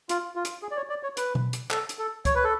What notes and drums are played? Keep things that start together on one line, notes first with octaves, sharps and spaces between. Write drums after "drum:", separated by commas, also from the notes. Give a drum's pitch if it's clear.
F4, drum: hi-hat
F4
drum: hi-hat
G#4
D5
C#5
D5
C#5
B4, drum: hi-hat
drum: tom B2
drum: hi-hat
A4, drum: clap
drum: hi-hat
A4
C#5, drum: kick, hi-hat
B4
A4